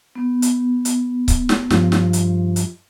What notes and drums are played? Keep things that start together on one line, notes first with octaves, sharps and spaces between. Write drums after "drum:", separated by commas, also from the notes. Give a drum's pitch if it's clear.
B3
drum: hi-hat
drum: hi-hat
drum: kick C#1, hi-hat
drum: snare
G2 F3, drum: snare
drum: snare
drum: hi-hat
drum: hi-hat